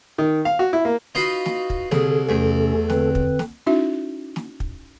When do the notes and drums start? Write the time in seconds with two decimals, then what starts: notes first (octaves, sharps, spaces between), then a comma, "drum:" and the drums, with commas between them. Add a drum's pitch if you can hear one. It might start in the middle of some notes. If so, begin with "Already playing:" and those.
0.18 D#3
0.45 F5
0.59 F#4
0.73 E4
0.85 A#3
1.15 D#4 F4 F#4 B4
1.46 drum: snare
1.70 drum: kick
1.91 C2 D3 G#4 A4, drum: snare
2.29 E2 C3 A3 C#4
2.90 D3 C4 B4, drum: snare
3.15 drum: kick
3.39 drum: snare
3.66 C#4 D#4 E4 F#4 E5
4.36 drum: snare
4.60 drum: kick